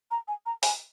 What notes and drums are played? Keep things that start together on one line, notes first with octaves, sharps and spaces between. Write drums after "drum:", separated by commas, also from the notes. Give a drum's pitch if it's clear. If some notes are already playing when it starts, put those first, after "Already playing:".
A#5
G#5
A#5
G#5, drum: open hi-hat